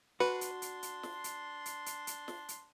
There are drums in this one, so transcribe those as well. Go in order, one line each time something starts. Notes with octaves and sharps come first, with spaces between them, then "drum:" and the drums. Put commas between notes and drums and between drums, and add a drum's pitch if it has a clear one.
D4 F#4 B4 C6
drum: hi-hat
drum: hi-hat
drum: hi-hat
drum: snare
drum: hi-hat
drum: hi-hat
drum: hi-hat
drum: hi-hat
drum: snare
drum: hi-hat